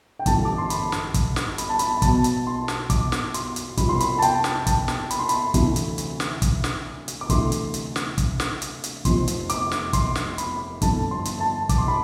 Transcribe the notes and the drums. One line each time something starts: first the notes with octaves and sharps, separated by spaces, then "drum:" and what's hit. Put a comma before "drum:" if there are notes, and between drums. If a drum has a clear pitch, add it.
G5
A1 G2 D3 F3 A5, drum: kick, hi-hat
D6
C6
B5, drum: hi-hat
drum: snare
drum: kick, hi-hat
drum: snare
B5, drum: hi-hat
A5
B5, drum: hi-hat
B1 B2 B3 A5, drum: kick, hi-hat
drum: hi-hat
C6
drum: snare
D6, drum: kick, hi-hat
drum: snare
C6, drum: hi-hat
drum: hi-hat
C2 C3 F3 B5, drum: kick, hi-hat
C6
B5, drum: hi-hat
A5
G5, drum: hi-hat
drum: snare
A5, drum: kick, hi-hat
drum: snare
B5, drum: hi-hat
C6
B5, drum: hi-hat
D2 C3 E3 A3, drum: kick, hi-hat
drum: hi-hat
drum: hi-hat
drum: snare
drum: kick, hi-hat
drum: snare
drum: hi-hat
D6
D2 C3 E3 A3 D4 C6, drum: kick, hi-hat
drum: hi-hat
drum: hi-hat
drum: snare
drum: kick, hi-hat
drum: snare
drum: hi-hat
drum: hi-hat
F1 F2 C3 F3 C6, drum: kick, hi-hat
drum: hi-hat
D6, drum: hi-hat
drum: snare
C6, drum: kick, hi-hat
drum: snare
B5, drum: hi-hat
G1 F2 D3 A3 A5, drum: kick, hi-hat
C6
drum: hi-hat
A5
D6, drum: kick, hi-hat
C6
B5